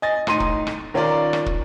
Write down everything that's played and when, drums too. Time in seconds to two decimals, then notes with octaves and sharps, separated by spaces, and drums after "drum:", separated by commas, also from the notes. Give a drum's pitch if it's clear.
0.02 D#5 G#5 A6
0.27 A2 D#4 C6 D#7, drum: rim click
0.40 drum: kick
0.67 drum: rim click
0.94 D#3 C#4 F4 A#4 D5
1.33 drum: rim click
1.46 drum: kick